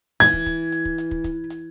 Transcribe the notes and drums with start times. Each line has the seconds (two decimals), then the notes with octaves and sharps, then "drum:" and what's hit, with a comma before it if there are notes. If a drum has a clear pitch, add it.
0.20 E3 G#6, drum: hi-hat
0.33 drum: kick
0.46 drum: kick, hi-hat
0.72 drum: hi-hat
0.85 drum: kick
0.98 drum: hi-hat
1.11 drum: kick
1.24 drum: kick, hi-hat
1.50 drum: hi-hat